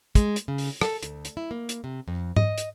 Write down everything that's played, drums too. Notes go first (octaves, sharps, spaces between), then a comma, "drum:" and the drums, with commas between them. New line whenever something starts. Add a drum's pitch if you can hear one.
G#3, drum: kick, hi-hat
drum: hi-hat
C#3
drum: open hi-hat
A4, drum: rim click
D2, drum: hi-hat
drum: hi-hat
E4
A#3
drum: hi-hat
C3
F2
D#5, drum: tom G#2
drum: hi-hat